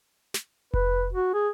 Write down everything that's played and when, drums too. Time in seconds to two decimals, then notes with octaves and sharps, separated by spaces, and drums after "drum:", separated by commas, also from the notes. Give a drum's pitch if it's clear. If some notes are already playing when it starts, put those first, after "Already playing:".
0.34 drum: snare
0.74 B4, drum: kick F1
1.13 F#4
1.34 G#4